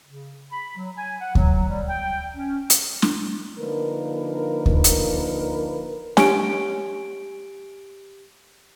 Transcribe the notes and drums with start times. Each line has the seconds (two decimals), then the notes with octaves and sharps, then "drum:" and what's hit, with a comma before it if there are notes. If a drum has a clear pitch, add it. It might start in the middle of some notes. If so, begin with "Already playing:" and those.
0.06 C#3
0.52 B5
0.77 F#3
0.97 G#5
1.21 F#5
1.35 F#3, drum: kick D2
1.68 G3
1.88 G5
2.34 C#4
2.70 drum: hi-hat
3.02 drum: snare
3.59 D3 F3 A#3 D#4 A#4 B4
4.66 drum: kick D2
4.84 drum: hi-hat
6.17 C#4 G4 D7, drum: snare